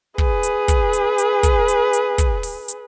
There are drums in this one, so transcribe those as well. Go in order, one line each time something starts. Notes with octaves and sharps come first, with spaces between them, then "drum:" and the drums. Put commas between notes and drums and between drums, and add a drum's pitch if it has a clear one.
G#4 B4, drum: kick
drum: hi-hat
drum: kick, hi-hat
drum: hi-hat
drum: hi-hat
drum: kick, hi-hat
drum: hi-hat
drum: hi-hat
drum: kick, hi-hat
drum: open hi-hat
drum: hi-hat